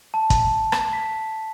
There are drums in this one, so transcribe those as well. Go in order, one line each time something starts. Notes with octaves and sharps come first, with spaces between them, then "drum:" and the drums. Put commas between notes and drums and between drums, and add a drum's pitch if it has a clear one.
A5
drum: kick, hi-hat
drum: rim click
B6